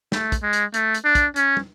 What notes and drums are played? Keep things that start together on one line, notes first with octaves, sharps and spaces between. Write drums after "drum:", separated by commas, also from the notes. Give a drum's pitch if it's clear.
A3, drum: snare
drum: kick, hi-hat
G#3
drum: hi-hat
A3, drum: hi-hat
drum: hi-hat
D4
drum: kick, hi-hat
C#4, drum: hi-hat
drum: tom